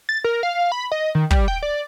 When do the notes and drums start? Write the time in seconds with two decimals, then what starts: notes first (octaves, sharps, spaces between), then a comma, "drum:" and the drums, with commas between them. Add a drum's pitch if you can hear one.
0.09 A6
0.24 A#4
0.43 F5
0.72 B5
0.92 D#5
1.15 D#3
1.31 G3, drum: kick
1.48 G5
1.63 D5